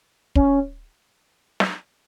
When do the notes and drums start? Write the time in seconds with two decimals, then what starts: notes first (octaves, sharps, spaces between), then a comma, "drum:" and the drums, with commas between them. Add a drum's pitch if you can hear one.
0.35 C#4, drum: kick
1.60 drum: snare